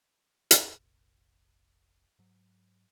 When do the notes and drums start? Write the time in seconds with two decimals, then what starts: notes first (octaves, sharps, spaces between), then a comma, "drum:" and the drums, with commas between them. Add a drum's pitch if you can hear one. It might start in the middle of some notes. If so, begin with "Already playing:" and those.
0.51 drum: hi-hat
0.62 F1 A#1
2.19 G#2 F#3